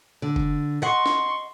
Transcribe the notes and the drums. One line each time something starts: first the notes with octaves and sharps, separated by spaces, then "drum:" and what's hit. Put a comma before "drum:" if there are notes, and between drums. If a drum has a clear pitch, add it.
D3
drum: kick F#1
D#5 F#5 C6 C#6
drum: snare